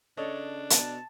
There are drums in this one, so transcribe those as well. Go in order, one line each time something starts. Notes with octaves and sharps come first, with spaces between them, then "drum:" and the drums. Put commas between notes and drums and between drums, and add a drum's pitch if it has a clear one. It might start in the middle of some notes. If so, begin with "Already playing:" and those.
C#3 D4 A4 C#5 D#5
B2 A5, drum: hi-hat